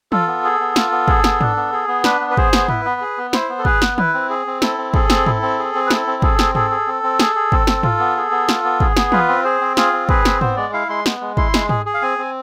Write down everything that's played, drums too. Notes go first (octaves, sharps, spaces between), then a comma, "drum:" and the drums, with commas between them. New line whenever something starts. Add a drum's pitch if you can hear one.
F4 A4, drum: tom E3
B3
G#4
B3
F4, drum: snare
B3
G#4, drum: kick
B3, drum: snare
D4, drum: tom G#2
B3
G#4
B3
D4 B4, drum: snare
B3
B4
G#4 C5, drum: kick
B3, drum: snare
E4 B4, drum: tom G#2
B3
G#4
B3
E4 C5, drum: snare
B3
A4
G#4 B4, drum: kick
B3, drum: snare
E4 B4, drum: tom D#3
C4
G#4
C4
E4 A4, drum: snare
C4
G#4 A4, drum: kick
C4, drum: snare
E4, drum: tom G#2
C4
G#4
C4
B4
E4 A4, drum: snare
C4
G#4 A4, drum: kick
C4, drum: snare
G#4 A4, drum: tom G#2
G#4
C4
C4
G#4, drum: snare
G#4
C4, drum: kick
C4, drum: snare
F4, drum: tom G#2
B3
G#4
B3
F4, drum: snare
B3
G#4, drum: kick
B3, drum: snare
F4 B4, drum: tom E3
C4
G#4 C5
C4
F4 G#4, drum: snare
C4
G#4 B4, drum: kick
C4, drum: snare
B3 C5, drum: tom G#2
G#3 D5
E4 F5
G#3 C6
B3, drum: snare
G#3
E4 C6, drum: kick
G#3, drum: snare
G#4, drum: tom G#2
G#4
F5
C4 G#5
C4